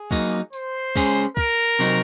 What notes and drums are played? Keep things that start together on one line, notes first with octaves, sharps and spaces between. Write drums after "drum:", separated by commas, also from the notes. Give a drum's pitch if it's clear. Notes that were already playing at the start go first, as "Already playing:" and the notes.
Already playing: G#4
F#3 A#3 D#4, drum: kick
drum: tambourine
C5, drum: tambourine
G#3 C#4 G#4, drum: kick, tambourine
drum: tambourine
A#4, drum: kick, tambourine
drum: tambourine
C3 F#3 C4 D#4, drum: tambourine